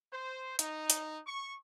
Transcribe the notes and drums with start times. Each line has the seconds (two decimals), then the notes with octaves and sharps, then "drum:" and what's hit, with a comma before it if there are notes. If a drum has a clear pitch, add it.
0.12 C5
0.59 D#4, drum: hi-hat
0.90 drum: hi-hat
1.26 C#6